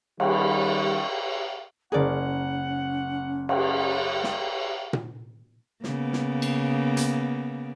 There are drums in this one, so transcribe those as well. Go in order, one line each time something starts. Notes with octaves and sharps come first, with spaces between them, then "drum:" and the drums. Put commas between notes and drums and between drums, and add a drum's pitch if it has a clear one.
D#3 G3 C#4 B4, drum: cymbal
F#1 C#4 G#4 A#4 D5 F#5
drum: cymbal
drum: snare
drum: tom A#2
C#3 A#3 B3, drum: snare
drum: snare
drum: cymbal
drum: hi-hat